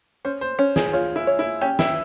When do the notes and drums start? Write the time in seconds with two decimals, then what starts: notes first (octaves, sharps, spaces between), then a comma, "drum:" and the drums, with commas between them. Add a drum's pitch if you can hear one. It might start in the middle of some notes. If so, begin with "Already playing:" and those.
0.25 C#4 C5
0.41 C5
0.59 C#4
0.76 G#4, drum: snare
0.93 F4 C#5
1.16 E4
1.27 C#5
1.39 E4
1.61 C#4 G4
1.79 E4, drum: snare